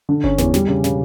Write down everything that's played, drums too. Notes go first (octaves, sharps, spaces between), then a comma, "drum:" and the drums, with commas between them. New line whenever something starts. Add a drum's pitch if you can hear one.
D3
C#4, drum: kick G1
E2, drum: snare
G3, drum: snare
C#3
C#3, drum: snare